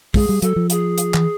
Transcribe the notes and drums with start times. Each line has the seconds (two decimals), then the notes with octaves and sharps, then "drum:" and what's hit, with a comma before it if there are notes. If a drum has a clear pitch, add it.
0.14 G#3 G#4, drum: kick, open hi-hat
0.29 G3
0.42 F#3 A4, drum: hi-hat
0.56 F3
0.70 G#4, drum: hi-hat
0.98 drum: hi-hat
1.14 E3, drum: clap